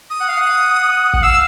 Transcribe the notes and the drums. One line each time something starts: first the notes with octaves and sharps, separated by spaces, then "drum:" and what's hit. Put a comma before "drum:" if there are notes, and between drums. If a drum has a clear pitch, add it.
D#6
F#5
F5
F#5
F#5, drum: kick
F5 E6